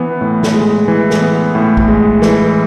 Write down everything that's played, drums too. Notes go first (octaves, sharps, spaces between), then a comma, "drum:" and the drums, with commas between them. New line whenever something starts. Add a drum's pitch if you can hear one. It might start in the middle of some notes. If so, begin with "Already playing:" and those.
Already playing: E3 B3
A2
drum: snare
G#3
E3
drum: snare
B3
A2
drum: kick A#1
G#3
E3, drum: snare